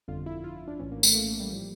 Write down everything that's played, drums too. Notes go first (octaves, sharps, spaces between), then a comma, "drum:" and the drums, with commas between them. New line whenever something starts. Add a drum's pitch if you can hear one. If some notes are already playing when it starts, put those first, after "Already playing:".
G1 F2 D3 F4
E4
F4
E4
D4
A#1 A2 E3 C#4
A#3
A3, drum: tambourine
A#3
A3
G3
A2 F3